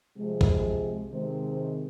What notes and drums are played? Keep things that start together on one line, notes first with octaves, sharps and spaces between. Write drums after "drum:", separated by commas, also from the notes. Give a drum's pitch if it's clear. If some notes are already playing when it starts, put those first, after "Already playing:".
C3 F3 G#3
drum: kick A#1
C3 D#3 G#3 C4